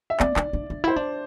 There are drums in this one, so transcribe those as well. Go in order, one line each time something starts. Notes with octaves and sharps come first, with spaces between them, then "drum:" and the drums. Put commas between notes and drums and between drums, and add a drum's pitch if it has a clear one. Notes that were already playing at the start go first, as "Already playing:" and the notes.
E5
C4 D5, drum: clap
D4, drum: clap
D4
D4
E4 C5
D4